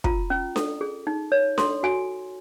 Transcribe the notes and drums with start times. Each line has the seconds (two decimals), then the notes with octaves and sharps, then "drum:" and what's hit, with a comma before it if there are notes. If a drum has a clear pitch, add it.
0.04 F4 A#5, drum: kick
0.30 C#4
0.56 A4, drum: snare D4
0.81 G#4
1.07 D#4
1.32 C#5
1.58 A4 C6, drum: snare D4
1.83 F#4 G#5